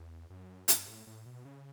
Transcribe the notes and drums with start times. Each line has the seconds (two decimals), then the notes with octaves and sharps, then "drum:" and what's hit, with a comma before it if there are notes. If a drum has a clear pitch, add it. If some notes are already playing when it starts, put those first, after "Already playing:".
Already playing: E2
0.30 F#2
0.68 G2, drum: hi-hat
0.88 A2
1.07 A2
1.26 B2
1.45 C#3